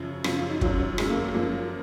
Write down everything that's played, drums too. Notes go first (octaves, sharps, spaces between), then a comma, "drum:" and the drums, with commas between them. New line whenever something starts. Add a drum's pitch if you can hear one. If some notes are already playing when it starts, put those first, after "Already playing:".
Already playing: F#2 C#3 F3
F#2 C#3 F3 F4, drum: rim click
F4
D#4
F#2 D#3 F#3, drum: kick
F#3
F#2 D#3 G#3, drum: rim click
A#3
G#3
F#2 F3 A#3